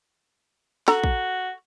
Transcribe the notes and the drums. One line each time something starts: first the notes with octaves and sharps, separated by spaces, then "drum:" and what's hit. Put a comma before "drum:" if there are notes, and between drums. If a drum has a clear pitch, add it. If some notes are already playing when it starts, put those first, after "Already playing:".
F#4 A4 A#5, drum: snare
drum: kick